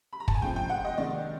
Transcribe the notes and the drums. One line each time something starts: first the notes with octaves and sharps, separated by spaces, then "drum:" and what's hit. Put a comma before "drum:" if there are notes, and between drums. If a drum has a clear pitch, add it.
B5
A#5
A5, drum: kick
G#5
C3 F3 G#3 G5
G5
F#5
D#5
C3 D#3 G#3 D5